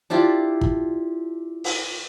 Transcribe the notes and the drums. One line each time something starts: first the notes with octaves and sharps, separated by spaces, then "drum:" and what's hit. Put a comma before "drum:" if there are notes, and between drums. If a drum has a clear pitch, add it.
D4 E4 F4 G4
drum: kick
drum: open hi-hat